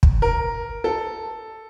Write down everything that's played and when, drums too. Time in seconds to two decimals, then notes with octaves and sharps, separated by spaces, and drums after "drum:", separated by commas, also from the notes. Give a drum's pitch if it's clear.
0.03 drum: kick
0.22 A#4
0.84 A4